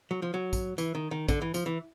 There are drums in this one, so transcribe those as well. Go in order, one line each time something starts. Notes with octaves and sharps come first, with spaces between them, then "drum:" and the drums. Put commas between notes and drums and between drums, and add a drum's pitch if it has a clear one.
F#3
F3
F#3
drum: kick, tambourine
E3, drum: tambourine
D#3
D#3
D3, drum: kick, tambourine
E3
F3, drum: tambourine
E3